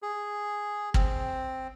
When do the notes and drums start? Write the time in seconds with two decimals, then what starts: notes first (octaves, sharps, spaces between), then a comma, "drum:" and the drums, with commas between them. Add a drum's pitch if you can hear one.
0.02 G#4
0.94 C4, drum: kick